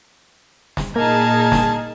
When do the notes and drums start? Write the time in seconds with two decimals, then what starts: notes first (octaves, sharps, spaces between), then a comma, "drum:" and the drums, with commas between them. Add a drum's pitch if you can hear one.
0.77 drum: snare
0.96 A#2 A#3 D#4 G#4 A#4 A5 G#6
1.52 drum: snare